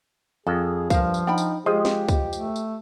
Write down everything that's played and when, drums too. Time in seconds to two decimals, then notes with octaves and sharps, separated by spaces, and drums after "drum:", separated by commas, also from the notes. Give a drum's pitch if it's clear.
0.47 F2 G#4 A4
0.90 G2 F3 A#4 C5 F5, drum: kick, tambourine
1.14 drum: tambourine
1.27 D4 D#4 F#5 G5 B5
1.38 drum: tambourine
1.66 F3 G#3 G4 G#4 C5 D#5
1.85 drum: snare
2.08 drum: kick, tambourine
2.33 A3, drum: tambourine
2.56 drum: tambourine